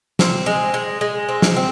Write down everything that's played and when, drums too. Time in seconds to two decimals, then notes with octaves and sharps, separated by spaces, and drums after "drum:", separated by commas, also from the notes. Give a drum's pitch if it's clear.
0.19 C4, drum: snare
0.46 G#3
0.74 G#3
1.01 G#3
1.29 C4
1.42 drum: snare
1.56 C4